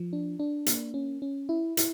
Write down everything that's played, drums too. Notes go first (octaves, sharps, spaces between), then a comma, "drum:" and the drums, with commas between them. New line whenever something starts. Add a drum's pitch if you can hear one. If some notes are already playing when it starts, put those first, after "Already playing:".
Already playing: F3
D4
D4
A#3, drum: hi-hat
C#4
C#4
E4
E4, drum: hi-hat